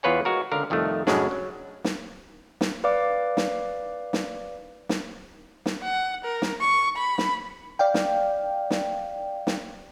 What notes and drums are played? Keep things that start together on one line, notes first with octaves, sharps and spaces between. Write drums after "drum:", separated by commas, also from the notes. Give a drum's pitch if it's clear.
E2 F4 B4 C#5 G#5
G#3 F#4 A#4
C#2 D3 A#4 F5
C2 F2 D#3 G3 A3
F#2 A2 C#3 G#3 D4, drum: snare
F#3
drum: snare
drum: snare
B4 D5 F5 D6
drum: snare
drum: snare
drum: snare
drum: snare
F#5
A#4
drum: snare
C#6
B5
drum: snare
D5 F5 G5
drum: snare
drum: snare
drum: snare